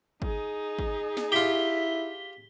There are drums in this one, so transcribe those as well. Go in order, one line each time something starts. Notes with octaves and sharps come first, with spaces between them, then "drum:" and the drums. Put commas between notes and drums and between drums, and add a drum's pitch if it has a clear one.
D#4 G#4, drum: kick
drum: kick
drum: snare
E4 F4 G4 B6 G7